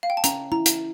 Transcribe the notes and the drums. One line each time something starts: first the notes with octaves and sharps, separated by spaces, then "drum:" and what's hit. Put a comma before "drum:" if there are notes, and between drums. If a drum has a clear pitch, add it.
F5
G5
A5
C#4 A#5, drum: hi-hat
E4 A#5
drum: hi-hat